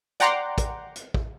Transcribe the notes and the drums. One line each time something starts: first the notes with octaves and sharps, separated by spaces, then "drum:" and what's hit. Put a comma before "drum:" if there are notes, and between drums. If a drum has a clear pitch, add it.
D5 F#5 G5 A#5 C6 D6, drum: hi-hat
drum: kick, hi-hat
drum: hi-hat
drum: kick